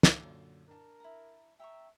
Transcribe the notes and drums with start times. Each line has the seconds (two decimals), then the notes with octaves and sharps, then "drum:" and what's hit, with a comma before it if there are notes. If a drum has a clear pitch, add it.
0.03 drum: snare
0.17 F#2 A#2 D3
0.68 D4 A#4 A5
1.00 E4 A#5
1.60 E5 G5 A#5 C#6